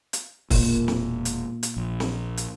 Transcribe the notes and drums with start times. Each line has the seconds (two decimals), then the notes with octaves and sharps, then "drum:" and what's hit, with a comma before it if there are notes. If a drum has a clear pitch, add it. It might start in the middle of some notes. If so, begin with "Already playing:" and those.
0.13 drum: hi-hat
0.50 E1 A#2, drum: kick, open hi-hat
0.88 drum: snare
1.25 drum: hi-hat
1.63 drum: hi-hat
1.77 A#1
2.00 drum: snare
2.37 drum: hi-hat